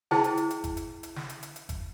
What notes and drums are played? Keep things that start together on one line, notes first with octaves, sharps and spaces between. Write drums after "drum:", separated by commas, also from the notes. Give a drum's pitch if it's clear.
E4 G#4 C5 G5 A5, drum: snare
drum: hi-hat
drum: hi-hat
drum: hi-hat
drum: kick G1, hi-hat
drum: hi-hat
drum: hi-hat
drum: snare
drum: hi-hat
drum: hi-hat
drum: hi-hat
drum: kick G1, hi-hat